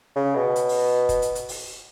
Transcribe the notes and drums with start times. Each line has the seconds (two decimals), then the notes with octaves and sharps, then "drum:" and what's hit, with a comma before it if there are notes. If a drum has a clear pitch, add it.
0.16 C#3
0.35 B2
0.56 drum: hi-hat
0.69 drum: open hi-hat
1.09 drum: kick, hi-hat
1.22 drum: hi-hat
1.35 drum: hi-hat
1.49 drum: open hi-hat